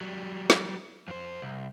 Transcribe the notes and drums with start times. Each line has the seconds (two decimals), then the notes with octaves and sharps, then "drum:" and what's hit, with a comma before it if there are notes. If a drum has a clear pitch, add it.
0.01 F#3 G3
0.50 drum: snare
1.08 F2 C5
1.42 C2